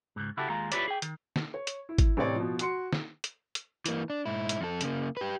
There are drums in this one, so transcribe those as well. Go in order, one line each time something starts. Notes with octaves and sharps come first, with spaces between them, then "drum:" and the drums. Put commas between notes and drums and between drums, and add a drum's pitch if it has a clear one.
C#2 G#2
C#3 E4 F#4 G4 A4
D#2 G#3 F4 A#5
E4 F4 G4 B4 C#5 D5, drum: hi-hat
G#4 G5
D#3, drum: hi-hat
drum: snare
C#5
drum: hi-hat
E4
drum: kick G#1, hi-hat
A1 C3 C#5 D5
B2 F3
F#4 C6 C#7, drum: hi-hat
drum: snare
drum: hi-hat
drum: hi-hat
E3 A#3, drum: hi-hat
D4
G#2 E4
drum: hi-hat
F2 A4
C#3 A#3, drum: hi-hat
G4 B4